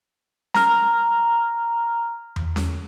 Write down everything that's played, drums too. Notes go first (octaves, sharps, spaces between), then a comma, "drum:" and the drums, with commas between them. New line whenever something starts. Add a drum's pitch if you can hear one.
A#5 F6, drum: snare C#4
drum: tom E2
drum: snare C#4